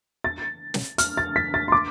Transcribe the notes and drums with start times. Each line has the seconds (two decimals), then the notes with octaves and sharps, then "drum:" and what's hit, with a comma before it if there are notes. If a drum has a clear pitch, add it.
0.24 A6
0.74 drum: snare
0.98 F6, drum: hi-hat
1.17 A6
1.36 B6
1.54 A6
1.68 C6
1.72 D6